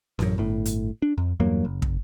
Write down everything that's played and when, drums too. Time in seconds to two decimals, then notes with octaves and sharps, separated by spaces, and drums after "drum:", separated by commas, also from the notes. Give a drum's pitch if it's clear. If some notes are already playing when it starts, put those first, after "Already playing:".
0.19 A1 F#2, drum: snare C#4
0.38 G1 A2
0.65 drum: hi-hat
1.02 D4
1.18 F2
1.40 E2 G2 F#3 A#3
1.65 F#1
1.82 drum: kick